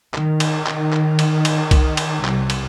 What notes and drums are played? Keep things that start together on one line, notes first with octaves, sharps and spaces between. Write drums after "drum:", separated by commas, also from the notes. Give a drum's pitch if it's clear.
D#3, drum: clap
drum: cymbal
drum: clap
drum: clap
drum: cymbal
drum: cymbal
drum: kick C2, cymbal
drum: cymbal
C2, drum: clap
drum: cymbal